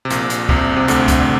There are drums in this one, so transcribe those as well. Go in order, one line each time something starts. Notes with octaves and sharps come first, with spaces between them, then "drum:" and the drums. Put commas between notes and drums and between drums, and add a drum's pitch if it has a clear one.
C3
A#1 A#2, drum: hi-hat
drum: hi-hat
C2 C3, drum: kick
C3
D2 D3, drum: hi-hat
drum: kick, hi-hat